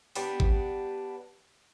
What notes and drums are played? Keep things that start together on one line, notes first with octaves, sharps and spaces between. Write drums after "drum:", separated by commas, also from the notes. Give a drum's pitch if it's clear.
G3 B3 D4, drum: open hi-hat
drum: kick G#1